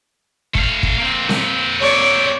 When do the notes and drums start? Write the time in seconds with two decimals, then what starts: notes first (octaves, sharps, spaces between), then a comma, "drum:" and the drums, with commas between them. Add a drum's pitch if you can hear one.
0.55 A3 F5, drum: kick
0.83 drum: kick
0.98 A#3 C4
1.29 drum: snare C4
1.81 C#5 D5